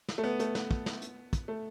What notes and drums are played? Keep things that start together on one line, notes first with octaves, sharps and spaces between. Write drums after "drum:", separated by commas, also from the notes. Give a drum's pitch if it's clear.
drum: snare
A3
B3
A3, drum: hi-hat
B3, drum: snare
drum: kick
drum: snare
drum: hi-hat
drum: kick, hi-hat
A3